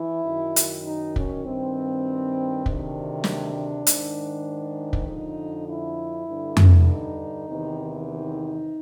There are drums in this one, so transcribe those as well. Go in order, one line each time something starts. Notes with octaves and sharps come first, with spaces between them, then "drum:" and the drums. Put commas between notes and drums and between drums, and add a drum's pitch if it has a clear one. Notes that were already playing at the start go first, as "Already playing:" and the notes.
Already playing: E3 E4
F#2 D#3
drum: hi-hat
D#4
C#4, drum: kick
G2 D#3 C4
D2 C3 D#3 D4, drum: kick
drum: snare
G#2 D#3, drum: hi-hat
drum: kick
F2 D3 D#4
E4
G2 D3
drum: tom F2
D#4
E2 C3 D#3
D#4